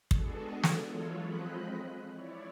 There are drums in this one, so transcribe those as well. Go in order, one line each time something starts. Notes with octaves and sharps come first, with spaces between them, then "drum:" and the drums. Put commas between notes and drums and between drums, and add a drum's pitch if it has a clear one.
G#3 B3 D4 F#4 G#4 A4, drum: kick
drum: snare
E3 F#3 G#3 F4 A4 C#5
F3 G#3 C4 D#5 B5 F#6
E4 C#5 D5